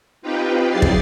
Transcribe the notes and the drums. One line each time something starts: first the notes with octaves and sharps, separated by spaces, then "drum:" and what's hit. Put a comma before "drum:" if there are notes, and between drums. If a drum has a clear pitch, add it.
C4 D#4 F4 G4 B4 G5
F#3 E4 G#4 D5 A6 C7
drum: kick